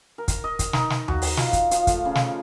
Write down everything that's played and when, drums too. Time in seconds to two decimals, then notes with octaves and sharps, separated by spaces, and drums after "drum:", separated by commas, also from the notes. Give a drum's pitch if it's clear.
0.18 A#4
0.28 drum: kick, hi-hat
0.44 D#5
0.59 drum: kick, hi-hat
0.73 D#4, drum: snare
0.90 drum: snare
1.08 F#4, drum: tom D#2
1.22 drum: open hi-hat
1.37 F4, drum: snare
1.53 drum: kick, hi-hat
1.71 F3, drum: hi-hat
1.87 A3, drum: kick, hi-hat
2.05 C#3
2.15 drum: snare